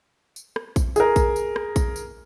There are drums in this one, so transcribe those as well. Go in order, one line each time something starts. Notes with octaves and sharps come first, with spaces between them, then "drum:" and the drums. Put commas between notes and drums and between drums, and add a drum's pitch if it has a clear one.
drum: tambourine
drum: rim click
drum: kick A1, tambourine
G#4 A#4, drum: tambourine
drum: kick A1, tambourine
drum: tambourine
drum: rim click
drum: kick A1, tambourine
drum: tambourine